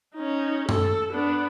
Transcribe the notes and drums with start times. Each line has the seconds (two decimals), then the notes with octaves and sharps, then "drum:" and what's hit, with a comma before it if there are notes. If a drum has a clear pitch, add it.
0.16 C#4 D#4
0.69 A4, drum: tom F#2
1.12 B3 D4